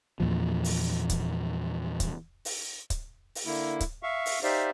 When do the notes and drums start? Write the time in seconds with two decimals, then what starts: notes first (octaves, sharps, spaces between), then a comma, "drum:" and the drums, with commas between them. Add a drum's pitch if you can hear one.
0.20 E2 A#2 F3
0.64 drum: open hi-hat
1.10 drum: kick, hi-hat
2.00 drum: kick, hi-hat
2.45 drum: open hi-hat
2.90 drum: kick, hi-hat
3.35 drum: open hi-hat
3.46 D3 A#3 E4
3.80 drum: kick, hi-hat
4.03 E5 F5 C#6
4.26 drum: open hi-hat
4.43 D#4 G4 C5 D5 E5 F5